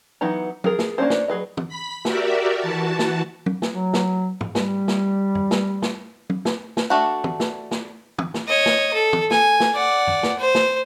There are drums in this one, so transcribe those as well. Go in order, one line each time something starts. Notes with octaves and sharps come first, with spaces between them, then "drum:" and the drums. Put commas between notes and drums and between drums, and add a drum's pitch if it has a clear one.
E3 F#3 B3 D#4 A#5
F3 G#4 A#4, drum: tom
drum: snare
A#3 C#4 D4 E4 C5
drum: snare
F#3 G#4 B4 D#5
drum: tom
B5 B6
F#4 G4 A#4 D5 E5, drum: snare
E3 F#4 A5
drum: snare
drum: tom
drum: snare
F#3
drum: snare
drum: tom
G3, drum: snare
drum: snare
drum: tom F#2
drum: snare
drum: snare
drum: tom
drum: snare
drum: snare
A3 D4 F#4
drum: tom
drum: snare
drum: snare
drum: tom
drum: snare
C#5 D#5
drum: snare
A4
drum: tom
G#5, drum: snare
drum: snare
D5 F#5
drum: tom F#2
drum: snare
C5
drum: snare